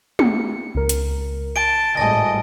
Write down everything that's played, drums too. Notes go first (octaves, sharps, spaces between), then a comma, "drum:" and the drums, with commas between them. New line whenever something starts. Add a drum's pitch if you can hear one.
C#7, drum: tom
C#2 A#4
drum: hi-hat
A5 D7 G7
G#1 A2 G3 D#5 G#5 A5 A#6